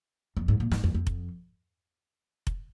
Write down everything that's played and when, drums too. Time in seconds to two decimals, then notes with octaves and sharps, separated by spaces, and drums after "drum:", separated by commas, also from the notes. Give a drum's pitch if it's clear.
0.37 F2
0.48 G#2
0.60 A#2
0.72 G#2, drum: snare
0.84 F2
0.94 F2
1.07 drum: kick F1
2.47 drum: kick F1